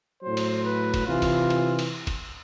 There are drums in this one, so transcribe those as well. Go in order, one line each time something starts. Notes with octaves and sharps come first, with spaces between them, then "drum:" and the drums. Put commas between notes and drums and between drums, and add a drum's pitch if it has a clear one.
A2 F#3 C5
drum: cymbal
B4
drum: kick, cymbal
C3 E3 F4
drum: kick, cymbal
drum: cymbal
drum: cymbal
drum: kick, cymbal